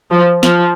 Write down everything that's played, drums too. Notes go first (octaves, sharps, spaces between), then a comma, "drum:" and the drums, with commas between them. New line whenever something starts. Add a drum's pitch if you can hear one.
F3
F3, drum: snare